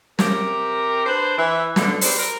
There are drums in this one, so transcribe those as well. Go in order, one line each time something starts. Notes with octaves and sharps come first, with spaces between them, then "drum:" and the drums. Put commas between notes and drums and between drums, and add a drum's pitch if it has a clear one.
C3 G4 A#4, drum: snare
D4 B4 C5
E3 E5
B2 D3, drum: snare
B2 G3 B4 C5, drum: open hi-hat
A#4